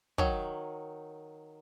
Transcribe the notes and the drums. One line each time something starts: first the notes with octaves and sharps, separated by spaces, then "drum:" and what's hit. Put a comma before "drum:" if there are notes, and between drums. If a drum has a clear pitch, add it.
D#3 F#3, drum: kick